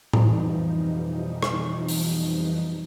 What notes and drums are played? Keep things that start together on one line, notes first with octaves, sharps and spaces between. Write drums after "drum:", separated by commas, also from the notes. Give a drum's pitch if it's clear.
F2 B2 E3 F3 G3 D#4, drum: tom A2
drum: rim click
drum: open hi-hat